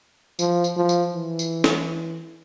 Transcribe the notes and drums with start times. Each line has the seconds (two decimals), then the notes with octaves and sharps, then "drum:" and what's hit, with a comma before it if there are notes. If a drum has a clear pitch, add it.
0.39 F3, drum: tambourine
0.64 drum: tambourine
0.76 F3
0.89 drum: tambourine
1.14 E3
1.39 drum: tambourine
1.64 drum: snare